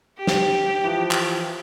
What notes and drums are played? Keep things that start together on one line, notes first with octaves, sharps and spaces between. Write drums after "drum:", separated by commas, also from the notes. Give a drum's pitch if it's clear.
G4
drum: snare
E3 F3
drum: clap